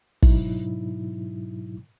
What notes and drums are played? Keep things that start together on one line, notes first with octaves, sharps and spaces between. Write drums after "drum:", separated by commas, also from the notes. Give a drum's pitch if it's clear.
G#2 B2 F#3 D#4 E4, drum: kick